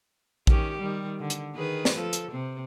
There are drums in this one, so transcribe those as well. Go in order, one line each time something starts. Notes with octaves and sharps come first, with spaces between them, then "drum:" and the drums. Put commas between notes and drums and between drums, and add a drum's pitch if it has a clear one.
D#3 C#4 G4, drum: kick A#1
D#3 G3
D3
drum: hi-hat
D#3 G#4 B4
drum: snare
F3 A4
drum: hi-hat
C3 C4